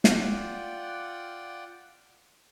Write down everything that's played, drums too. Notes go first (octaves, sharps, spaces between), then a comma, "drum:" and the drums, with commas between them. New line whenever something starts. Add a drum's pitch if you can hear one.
F4 D5 F#5 G5, drum: snare